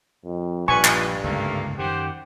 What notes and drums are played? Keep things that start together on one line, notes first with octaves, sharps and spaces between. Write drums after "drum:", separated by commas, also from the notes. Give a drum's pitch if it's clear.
F2
A#1 G2 F4 B4 G#5 C#6
drum: clap
G1 C#2 G#2 A3 A#3 F5
F#2 D#3 G4 C5 F#5